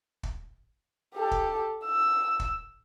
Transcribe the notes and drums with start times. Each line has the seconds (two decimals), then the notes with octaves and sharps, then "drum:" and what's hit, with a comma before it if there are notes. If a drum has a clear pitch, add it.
0.23 drum: kick
1.15 G4 A4
1.31 drum: kick
1.85 E6
2.40 drum: kick